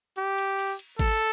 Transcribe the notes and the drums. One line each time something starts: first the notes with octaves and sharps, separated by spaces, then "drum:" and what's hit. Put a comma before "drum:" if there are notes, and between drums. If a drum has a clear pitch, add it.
G4
drum: cymbal
drum: cymbal
drum: cymbal
A4, drum: kick G#1, cymbal